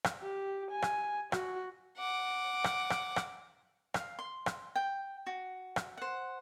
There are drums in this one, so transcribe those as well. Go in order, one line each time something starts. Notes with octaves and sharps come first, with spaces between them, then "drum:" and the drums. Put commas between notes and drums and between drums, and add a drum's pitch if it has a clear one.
drum: rim click
G4
G#5
drum: rim click
F#4, drum: rim click
F#5 D6
drum: rim click
drum: rim click
drum: rim click
F5, drum: rim click
C6
drum: rim click
G5
F#4
drum: rim click
C5 F#5